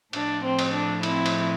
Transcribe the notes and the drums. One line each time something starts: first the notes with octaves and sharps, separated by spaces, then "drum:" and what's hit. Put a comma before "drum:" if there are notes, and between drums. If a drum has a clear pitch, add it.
A2 F3 D4, drum: cymbal
C4
drum: cymbal
D4
C4 E4, drum: cymbal
drum: cymbal